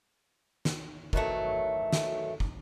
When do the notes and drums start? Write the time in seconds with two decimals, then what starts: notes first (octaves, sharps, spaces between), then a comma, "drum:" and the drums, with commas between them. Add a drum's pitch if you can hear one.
0.65 drum: snare
1.13 D#3 E3 F#3 A3, drum: kick
1.93 drum: snare
2.40 drum: kick